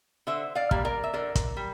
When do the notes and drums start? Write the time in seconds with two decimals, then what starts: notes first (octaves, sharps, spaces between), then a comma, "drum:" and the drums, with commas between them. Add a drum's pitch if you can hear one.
0.27 D3 C5 E5
0.55 D5 F5
0.71 G3 A#3, drum: kick
0.85 A#4 D5
1.04 E5
1.14 D3 A#4 D5
1.35 drum: kick, hi-hat
1.57 G3